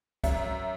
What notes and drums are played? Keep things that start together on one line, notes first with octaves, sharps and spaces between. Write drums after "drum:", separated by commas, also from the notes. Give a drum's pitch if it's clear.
F#2 E5, drum: kick, hi-hat